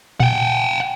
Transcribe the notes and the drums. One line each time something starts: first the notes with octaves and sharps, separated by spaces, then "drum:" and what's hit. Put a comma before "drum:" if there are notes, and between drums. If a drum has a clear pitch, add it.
F#5 G5, drum: tom A#2